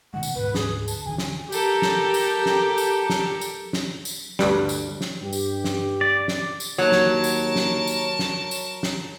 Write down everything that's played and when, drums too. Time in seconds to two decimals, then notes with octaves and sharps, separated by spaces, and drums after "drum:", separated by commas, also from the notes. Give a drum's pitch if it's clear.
0.14 B2 D#3 G#3 F#5
0.23 drum: tambourine
0.35 D2 G#2 B4
0.55 G#4, drum: snare
0.88 A5, drum: tambourine
1.05 D1 D3 D#3 G#5
1.18 drum: snare
1.52 G4 A4 A#4, drum: tambourine
1.82 drum: snare
2.14 drum: tambourine
2.46 drum: snare
2.78 drum: tambourine
3.10 drum: snare
3.41 drum: tambourine
3.73 drum: snare
4.05 drum: tambourine
4.39 D2 G2 G3, drum: snare
4.69 drum: tambourine
5.01 drum: snare
5.22 G2 G4
5.33 drum: tambourine
5.64 drum: snare
6.01 D5
6.28 drum: snare
6.60 drum: tambourine
6.78 D#2 F#3 A#4 C#5 A5
6.92 drum: snare
7.24 drum: tambourine
7.56 drum: snare
7.87 drum: tambourine
8.19 drum: snare
8.51 drum: tambourine
8.83 drum: snare